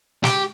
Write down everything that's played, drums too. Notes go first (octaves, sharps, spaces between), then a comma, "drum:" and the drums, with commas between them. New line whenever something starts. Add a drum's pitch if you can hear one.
G4, drum: snare